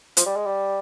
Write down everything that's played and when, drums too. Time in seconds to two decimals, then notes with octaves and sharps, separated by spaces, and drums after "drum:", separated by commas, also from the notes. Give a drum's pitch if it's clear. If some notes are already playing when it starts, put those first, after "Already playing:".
0.17 F3, drum: hi-hat
0.26 G3
0.36 G#3
0.46 G3